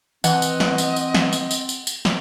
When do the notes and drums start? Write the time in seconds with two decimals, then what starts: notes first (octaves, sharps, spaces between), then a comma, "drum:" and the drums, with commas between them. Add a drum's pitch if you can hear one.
0.24 E3 C4 D#5 F#5, drum: tambourine
0.42 drum: tambourine
0.60 drum: snare
0.78 drum: tambourine
0.96 drum: tambourine
1.15 drum: snare
1.33 drum: tambourine
1.51 drum: tambourine
1.69 drum: tambourine
1.87 drum: tambourine
2.05 drum: snare